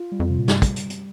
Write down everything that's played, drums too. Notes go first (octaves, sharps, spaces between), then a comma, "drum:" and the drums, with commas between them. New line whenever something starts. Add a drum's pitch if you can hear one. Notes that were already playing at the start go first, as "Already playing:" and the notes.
Already playing: F4
G3
F2
C3
A#2
G2 G3, drum: snare
drum: kick, hi-hat
drum: hi-hat
drum: hi-hat